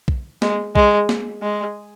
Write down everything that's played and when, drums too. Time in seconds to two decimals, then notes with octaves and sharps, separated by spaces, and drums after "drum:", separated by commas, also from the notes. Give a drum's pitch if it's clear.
0.08 drum: kick B1
0.42 G#3, drum: snare
0.76 G#3, drum: kick B1
1.09 drum: snare
1.43 G#3